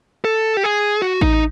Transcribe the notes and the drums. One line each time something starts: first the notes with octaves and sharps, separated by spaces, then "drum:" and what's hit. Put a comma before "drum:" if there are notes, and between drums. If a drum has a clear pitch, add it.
A4
G4
G#4
F#4
D#4, drum: kick A1